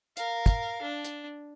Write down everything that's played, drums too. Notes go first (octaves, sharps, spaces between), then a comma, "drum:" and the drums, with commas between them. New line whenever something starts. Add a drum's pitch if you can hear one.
A#4 F5, drum: hi-hat
drum: kick, hi-hat
D4
drum: hi-hat